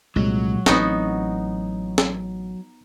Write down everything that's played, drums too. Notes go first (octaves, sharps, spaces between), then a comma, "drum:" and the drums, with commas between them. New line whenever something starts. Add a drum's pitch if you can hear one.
C2 A#2 F#3 G#3
A1 B3 C4 D#4 F#4 A#5, drum: snare
drum: snare